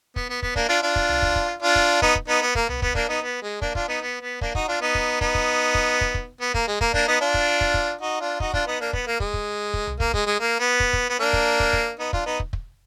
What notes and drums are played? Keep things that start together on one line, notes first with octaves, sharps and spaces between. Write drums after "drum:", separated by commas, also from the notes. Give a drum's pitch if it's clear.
B3, drum: kick
B3
B3, drum: kick
A#3 D4, drum: kick
D4 F4
D4 F4
drum: kick
drum: tom C2
drum: kick
drum: kick
D4 F4
drum: kick
B3 D#4, drum: kick
drum: kick
B3 D#4
B3
A#3, drum: kick
B3, drum: tom C2
B3, drum: kick
A#3 D4, drum: kick
B3 D#4
B3
G#3
A#3 D4, drum: kick
D4 F4, drum: kick
B3 D#4
B3
B3
A#3 D4, drum: kick
D#4 F#4, drum: kick
D4 F4
B3 D#4
drum: kick
B3 D#4, drum: kick
drum: kick
drum: kick
drum: kick
drum: kick
B3
A#3, drum: kick
G#3
A#3, drum: kick
A#3 D4, drum: kick
B3 D#4
D4 F4
drum: kick
drum: kick
drum: kick
D#4 F#4
D4 F4
D#4 F#4, drum: kick
D4 F4, drum: kick
B3 D#4
A#3 D4
B3, drum: kick
A#3
G#3, drum: kick
drum: kick
drum: kick
drum: tom C2
A#3, drum: kick
G#3, drum: kick
G#3
A#3
B3
drum: kick
drum: kick
B3
A#3 D4
drum: kick
drum: kick
drum: kick
B3 D#4
D4 F4, drum: kick
B3 D#4
drum: kick
drum: kick